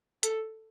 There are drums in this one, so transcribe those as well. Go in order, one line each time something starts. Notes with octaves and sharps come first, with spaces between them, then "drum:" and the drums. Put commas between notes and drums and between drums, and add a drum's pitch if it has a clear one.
A4, drum: hi-hat